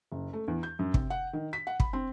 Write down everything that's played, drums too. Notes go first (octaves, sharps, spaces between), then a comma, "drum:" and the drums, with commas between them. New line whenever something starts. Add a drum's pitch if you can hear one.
F#1
A3
E2
G6
F#2
C3, drum: kick
F#5
D#3
B6
F#5
B5, drum: kick
C4